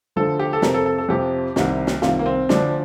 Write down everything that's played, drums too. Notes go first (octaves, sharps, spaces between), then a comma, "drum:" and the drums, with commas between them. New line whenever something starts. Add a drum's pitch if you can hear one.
D2 D3 F3 A4
G4
A4
F2 C3 F3 A#4, drum: snare
A4
A4
A4
F2 C3 F3 G4
C2 C3 D#3, drum: snare
drum: snare
C2 C3 D#3 F4, drum: snare
A#3
C4
D2 D3 F3 D4, drum: snare